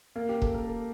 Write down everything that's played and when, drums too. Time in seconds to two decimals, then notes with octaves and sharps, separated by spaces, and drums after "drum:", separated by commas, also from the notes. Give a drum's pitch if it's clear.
0.16 A#3
0.29 G4
0.42 A4, drum: kick
0.54 A#4
0.67 A4